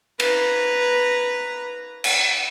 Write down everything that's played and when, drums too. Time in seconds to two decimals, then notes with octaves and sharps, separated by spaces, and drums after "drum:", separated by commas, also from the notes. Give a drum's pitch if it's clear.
0.20 B4 A#5, drum: cymbal
2.04 drum: cymbal